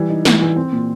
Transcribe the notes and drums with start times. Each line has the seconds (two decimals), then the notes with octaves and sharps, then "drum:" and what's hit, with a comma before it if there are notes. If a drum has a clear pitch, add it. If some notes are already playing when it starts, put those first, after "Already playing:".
Already playing: E3 G3
0.10 D#4
0.25 E3, drum: snare
0.41 E3
0.56 C4
0.72 A#2